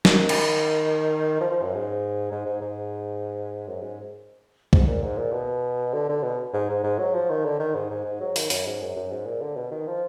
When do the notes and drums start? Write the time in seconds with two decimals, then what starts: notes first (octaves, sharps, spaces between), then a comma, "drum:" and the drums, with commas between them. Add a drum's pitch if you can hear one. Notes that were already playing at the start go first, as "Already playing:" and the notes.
0.05 D#3, drum: snare
0.29 drum: cymbal
1.41 F3
1.51 F3
1.62 F#2
1.74 G#2
2.32 G#2
2.46 G#2
2.61 G#2
3.67 F#2
3.81 G#2
4.73 G#2, drum: kick
4.87 A#2
5.03 G#2
5.18 A#2
5.33 B2
5.94 D3
6.09 D3
6.23 B2
6.53 G#2
6.70 G#2
6.84 G#2
6.99 F#3
7.14 F3
7.30 D#3
7.45 D3
7.60 D#3
7.75 G#2
7.90 G#2
8.05 G#2
8.20 F#3
8.36 D#3, drum: open hi-hat
8.50 F#2, drum: open hi-hat
8.66 G#2
8.81 F#2
8.96 F#2
9.11 G#2
9.26 A#2
9.41 D3
9.56 B2
9.71 D#3
9.87 F3